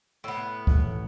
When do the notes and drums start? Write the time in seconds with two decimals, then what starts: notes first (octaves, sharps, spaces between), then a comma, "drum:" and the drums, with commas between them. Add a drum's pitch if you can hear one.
0.24 A2 B3
0.67 A1, drum: kick